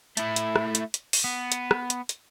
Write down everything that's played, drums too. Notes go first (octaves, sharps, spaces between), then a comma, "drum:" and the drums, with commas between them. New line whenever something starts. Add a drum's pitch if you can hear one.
A3 E4, drum: hi-hat
drum: hi-hat
drum: rim click
drum: hi-hat
drum: hi-hat
drum: open hi-hat
B3
drum: hi-hat
drum: rim click
drum: hi-hat
drum: hi-hat